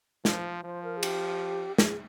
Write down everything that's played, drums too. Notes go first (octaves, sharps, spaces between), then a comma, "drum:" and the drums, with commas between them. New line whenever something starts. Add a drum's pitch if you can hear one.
F3 C5, drum: snare
F3 C5
A#4
G#4
G4, drum: cymbal
G#4, drum: snare